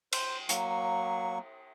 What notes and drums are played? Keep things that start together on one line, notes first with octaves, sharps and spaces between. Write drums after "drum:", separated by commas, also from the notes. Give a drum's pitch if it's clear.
C5, drum: cymbal
F#3 A#3 C#6, drum: hi-hat